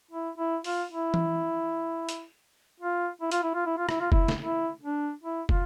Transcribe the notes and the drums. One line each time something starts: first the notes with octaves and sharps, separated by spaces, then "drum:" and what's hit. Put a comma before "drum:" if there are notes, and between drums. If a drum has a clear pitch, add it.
E4
E4
F4, drum: open hi-hat
E4
drum: tom E3
drum: hi-hat
F4
E4
F4, drum: hi-hat
E4
F4
E4
F4
E4, drum: rim click
F4
E4, drum: kick
drum: snare
E4
D4
E4
F4, drum: kick